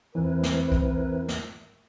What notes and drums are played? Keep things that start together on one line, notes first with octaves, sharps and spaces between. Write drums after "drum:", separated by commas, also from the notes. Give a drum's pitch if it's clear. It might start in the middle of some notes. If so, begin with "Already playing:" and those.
E2 E3 C4 E4 A#4 B4
drum: snare
drum: kick B1
drum: snare